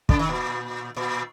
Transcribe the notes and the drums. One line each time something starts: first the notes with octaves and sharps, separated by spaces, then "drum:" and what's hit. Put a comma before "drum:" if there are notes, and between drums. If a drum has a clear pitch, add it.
C#3, drum: kick
D#3
A#2
A#2